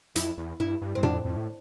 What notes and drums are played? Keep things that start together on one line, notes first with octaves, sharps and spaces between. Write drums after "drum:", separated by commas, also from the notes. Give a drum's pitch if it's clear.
F2 E4, drum: hi-hat
E2
G2 E4
G2
G2 C4
F2 D4, drum: tom A2
F2
A2